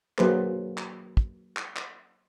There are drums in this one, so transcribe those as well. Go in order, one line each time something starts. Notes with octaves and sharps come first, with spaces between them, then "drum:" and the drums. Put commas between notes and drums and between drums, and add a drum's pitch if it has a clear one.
F#3 A#3 D4 G#4 B4 C5, drum: clap
drum: clap
drum: kick
drum: clap
drum: clap